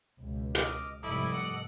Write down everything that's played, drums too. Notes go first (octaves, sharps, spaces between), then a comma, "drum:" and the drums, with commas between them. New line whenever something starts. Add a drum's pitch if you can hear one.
C#2 B2
D#5 D6 F6, drum: hi-hat
F1 G#2 G3 E4 A4 D#5 D6
F#5